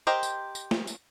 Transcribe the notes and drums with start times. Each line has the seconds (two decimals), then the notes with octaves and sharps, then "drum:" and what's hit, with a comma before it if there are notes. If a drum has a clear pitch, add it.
0.07 G4 A#4 C5 D#5 G5
0.23 drum: tambourine
0.55 drum: tambourine
0.71 drum: snare
0.87 drum: tambourine